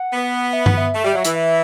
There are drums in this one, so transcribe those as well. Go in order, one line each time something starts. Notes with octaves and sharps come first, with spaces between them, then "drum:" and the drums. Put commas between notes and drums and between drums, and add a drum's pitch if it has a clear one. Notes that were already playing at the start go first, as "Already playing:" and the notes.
Already playing: F#5
B3
E5
F#5, drum: tom G2
E5
A3
G3
F#3
E3, drum: hi-hat
E5